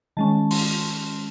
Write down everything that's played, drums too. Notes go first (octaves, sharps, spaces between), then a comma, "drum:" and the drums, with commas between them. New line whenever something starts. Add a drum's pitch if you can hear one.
D#3 G#3 C#4 A5
C6, drum: open hi-hat